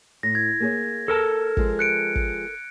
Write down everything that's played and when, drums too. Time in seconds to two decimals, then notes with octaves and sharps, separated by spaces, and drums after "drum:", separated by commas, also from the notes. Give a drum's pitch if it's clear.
0.23 A2 A#6
0.35 G#6
0.60 A#3 G#4 C#5
1.08 A4 A#4 A5
1.57 F3 G#3 C4, drum: kick
1.79 F#6 C#7 D7
2.15 drum: kick